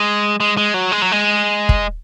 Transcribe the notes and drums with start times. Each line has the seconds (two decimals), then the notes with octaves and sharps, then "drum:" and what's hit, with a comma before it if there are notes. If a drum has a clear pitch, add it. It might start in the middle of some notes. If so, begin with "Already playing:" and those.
Already playing: G#3
0.40 G#3
0.57 G#3
0.74 F#3
0.92 G#3
1.02 F#3
1.12 G#3
1.69 drum: kick